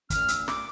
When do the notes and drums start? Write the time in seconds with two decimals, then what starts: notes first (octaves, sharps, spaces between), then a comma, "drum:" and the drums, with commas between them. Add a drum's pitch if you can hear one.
0.10 A#2 A3 C#4 F6, drum: kick, hi-hat
0.28 E6, drum: hi-hat
0.48 D6, drum: snare